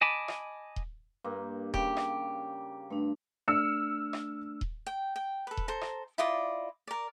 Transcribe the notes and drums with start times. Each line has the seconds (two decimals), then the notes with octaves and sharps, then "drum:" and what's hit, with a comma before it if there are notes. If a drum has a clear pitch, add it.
0.01 D#5 G#5 A5 B5 D6
0.28 drum: rim click
0.76 drum: kick D#1
1.24 G2 A#3
1.74 C#3 G4, drum: kick D#1
1.97 drum: rim click
2.90 G2 A3 D4
3.48 A3 D4 E6 F6 C#7
4.13 drum: rim click
4.61 drum: kick D#1
4.86 G5
5.16 G5
5.47 A4 B4
5.57 drum: kick D#1
5.68 A4 C5 A#5
5.81 drum: rim click
6.18 E4 F4 D5 D#5
6.87 A#4 D5